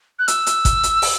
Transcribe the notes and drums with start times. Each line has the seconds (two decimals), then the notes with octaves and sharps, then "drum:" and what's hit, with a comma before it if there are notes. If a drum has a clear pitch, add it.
0.19 F#6
0.28 E6, drum: hi-hat
0.46 drum: hi-hat
0.65 drum: kick G#1, hi-hat
0.83 drum: hi-hat
1.02 drum: open hi-hat